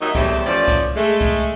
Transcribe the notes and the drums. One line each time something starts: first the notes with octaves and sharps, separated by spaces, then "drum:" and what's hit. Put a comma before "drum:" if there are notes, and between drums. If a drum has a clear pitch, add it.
D#2 D#3 F#3 D#4 E5
E2 A2 G3 A3 G4 C5, drum: kick C2, hi-hat
E3 F3 A3 C#4 D5
drum: kick C2, hi-hat
G#3 A3
drum: kick C2, hi-hat